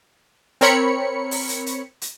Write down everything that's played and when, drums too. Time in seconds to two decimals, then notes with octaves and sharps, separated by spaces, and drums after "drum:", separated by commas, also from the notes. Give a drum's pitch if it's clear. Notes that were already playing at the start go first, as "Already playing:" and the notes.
0.61 C4 A#4 C#5 B5 C#7, drum: hi-hat
1.31 drum: open hi-hat
1.49 drum: hi-hat
1.66 drum: hi-hat
2.02 drum: hi-hat